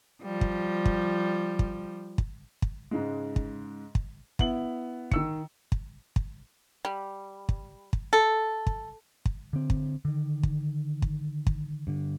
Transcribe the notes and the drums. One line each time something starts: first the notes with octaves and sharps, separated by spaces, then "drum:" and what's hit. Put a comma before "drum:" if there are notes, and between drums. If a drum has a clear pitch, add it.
F3 G3
drum: kick
drum: kick
drum: kick
drum: kick
drum: kick
G#2 C#3 G#3
drum: kick
drum: kick
B3 E4 F#7, drum: kick
D#3 E6 C#7, drum: kick
drum: kick
drum: kick
G3
drum: kick
drum: kick
A4
drum: kick
drum: kick
D3 C4
drum: kick
D3 D#3
drum: kick
drum: kick
drum: kick
G2 D3